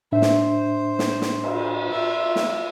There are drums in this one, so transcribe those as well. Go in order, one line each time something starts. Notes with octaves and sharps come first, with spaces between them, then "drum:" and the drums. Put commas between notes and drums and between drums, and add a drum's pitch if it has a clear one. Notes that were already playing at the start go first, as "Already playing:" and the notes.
A2 D4 C5 E5
drum: snare
drum: snare
drum: snare
drum: cymbal
F4 E5
drum: snare